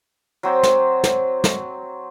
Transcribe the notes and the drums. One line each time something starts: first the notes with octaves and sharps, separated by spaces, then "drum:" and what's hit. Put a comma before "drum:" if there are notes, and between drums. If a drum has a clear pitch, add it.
F#3 C4 C5 G5
drum: snare
drum: snare
drum: snare